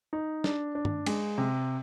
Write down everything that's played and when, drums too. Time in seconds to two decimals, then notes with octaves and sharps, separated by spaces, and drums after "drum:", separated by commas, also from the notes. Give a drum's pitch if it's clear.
0.13 D#4
0.44 D4, drum: snare
0.75 D4
0.85 drum: tom
1.06 G#3, drum: cymbal
1.38 C3